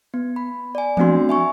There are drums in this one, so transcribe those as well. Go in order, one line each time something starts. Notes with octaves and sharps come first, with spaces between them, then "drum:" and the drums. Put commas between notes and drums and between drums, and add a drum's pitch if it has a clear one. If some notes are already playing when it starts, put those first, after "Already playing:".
B3
B5
D5 G#5
A3 B3 C4 D4 F#4 C6, drum: tom E3
E5 G#5 C#6